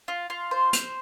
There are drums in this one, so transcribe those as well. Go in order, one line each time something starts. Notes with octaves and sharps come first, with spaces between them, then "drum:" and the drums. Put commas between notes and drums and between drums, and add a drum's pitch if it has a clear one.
F4
F4
C5
C5, drum: hi-hat